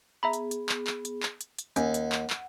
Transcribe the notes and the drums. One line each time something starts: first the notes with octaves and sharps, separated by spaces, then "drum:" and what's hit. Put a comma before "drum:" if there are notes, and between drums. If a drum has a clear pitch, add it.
B3 G#4 E5 A#5 B5
drum: hi-hat
drum: hi-hat
drum: clap
drum: clap
drum: hi-hat
drum: clap
drum: hi-hat
drum: hi-hat
D#2 C#4 F#5, drum: hi-hat
drum: hi-hat
drum: clap
drum: clap